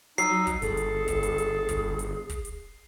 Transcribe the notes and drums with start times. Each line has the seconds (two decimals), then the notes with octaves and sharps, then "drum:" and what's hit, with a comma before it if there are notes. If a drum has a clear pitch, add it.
0.18 F#3 D#4 E6 C7, drum: hi-hat
0.47 drum: kick, hi-hat
0.62 G1 G#4 A4, drum: hi-hat
0.77 drum: hi-hat
1.08 drum: kick, hi-hat
1.23 drum: hi-hat
1.38 drum: hi-hat
1.69 drum: kick, hi-hat
1.99 drum: hi-hat
2.29 drum: kick, hi-hat
2.45 drum: hi-hat